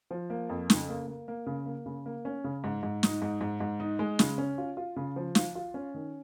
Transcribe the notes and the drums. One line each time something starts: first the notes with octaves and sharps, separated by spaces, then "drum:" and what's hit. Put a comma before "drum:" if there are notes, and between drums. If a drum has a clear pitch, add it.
F3
A#3
F2
C#3, drum: snare
A#3
A#3
A#3
C#3
A#3
C#3
A#3
C#4
C#3
G#2
G#2
D#4, drum: snare
G#2
G#2
G#2
D#4
G#3
C#3, drum: snare
C#4
F4
F4
C#3
F3
F4, drum: snare
F4
C#4
D#3